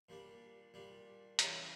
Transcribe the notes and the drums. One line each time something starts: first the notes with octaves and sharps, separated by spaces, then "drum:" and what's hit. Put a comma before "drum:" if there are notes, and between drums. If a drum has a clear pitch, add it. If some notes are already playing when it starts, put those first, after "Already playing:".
A#2 G3 D4
A#2 G3 D4
C#3 E3 G3 C#4, drum: hi-hat